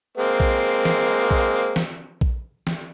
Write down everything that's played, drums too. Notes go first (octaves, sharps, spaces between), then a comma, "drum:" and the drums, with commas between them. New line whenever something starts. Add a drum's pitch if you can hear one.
G#3 A#3 C4
drum: kick A#1
drum: snare
drum: kick A#1
drum: snare
drum: kick A#1
drum: snare